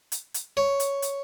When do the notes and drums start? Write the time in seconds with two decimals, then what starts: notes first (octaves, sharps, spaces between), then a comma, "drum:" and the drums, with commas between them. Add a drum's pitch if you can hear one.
0.12 drum: hi-hat
0.34 drum: hi-hat
0.57 C#5
0.80 drum: hi-hat
1.02 drum: hi-hat